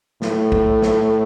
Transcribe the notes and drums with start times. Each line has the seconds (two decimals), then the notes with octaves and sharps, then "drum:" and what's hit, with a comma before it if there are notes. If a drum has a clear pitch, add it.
0.22 A2, drum: snare
0.52 drum: kick
0.82 drum: snare